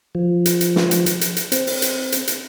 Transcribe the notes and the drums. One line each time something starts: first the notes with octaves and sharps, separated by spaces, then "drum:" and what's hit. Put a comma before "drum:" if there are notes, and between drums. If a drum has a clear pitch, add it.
F3
drum: hi-hat
drum: hi-hat
drum: snare
drum: hi-hat
drum: hi-hat
drum: hi-hat
drum: hi-hat
C4, drum: hi-hat
drum: open hi-hat
drum: hi-hat
drum: hi-hat
drum: hi-hat